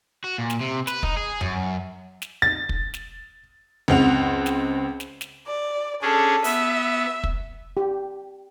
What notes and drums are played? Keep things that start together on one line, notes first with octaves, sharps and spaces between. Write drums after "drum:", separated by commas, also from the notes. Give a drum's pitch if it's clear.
F#4
A#2
drum: snare
C3
B4, drum: snare
D#4, drum: kick
G#4
F#2, drum: tom F2
drum: snare
A6
drum: kick
drum: snare
C#2 C4 F#5 F7, drum: tom F2
drum: snare
drum: snare
drum: snare
D5
C#4 D4 G#4 A4
B3 E5, drum: open hi-hat
drum: kick
G4